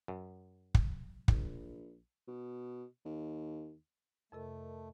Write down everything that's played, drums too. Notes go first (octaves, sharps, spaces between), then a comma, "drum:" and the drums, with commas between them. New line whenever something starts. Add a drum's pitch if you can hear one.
F#2
drum: kick
A#1, drum: kick
B2
D#2
F2 C3 A3 A4 A#4 D#5 A5